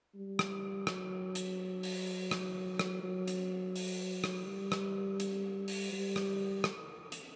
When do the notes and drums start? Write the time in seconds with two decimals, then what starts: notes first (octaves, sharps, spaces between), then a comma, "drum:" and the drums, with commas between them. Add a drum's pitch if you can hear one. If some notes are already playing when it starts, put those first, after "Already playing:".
0.15 G3
0.39 drum: rim click
0.87 F#3, drum: rim click
1.35 drum: hi-hat
1.83 drum: open hi-hat
2.31 drum: rim click
2.79 drum: rim click
3.03 F#3
3.28 drum: hi-hat
3.76 drum: open hi-hat
4.24 drum: rim click
4.47 G3
4.72 drum: rim click
5.20 drum: hi-hat
5.68 drum: open hi-hat
5.92 G3
6.16 drum: rim click
6.64 drum: rim click
7.12 drum: hi-hat